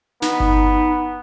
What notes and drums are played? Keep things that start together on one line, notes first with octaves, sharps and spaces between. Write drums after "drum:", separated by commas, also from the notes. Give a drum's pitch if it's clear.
B3 D#4, drum: snare
drum: kick G1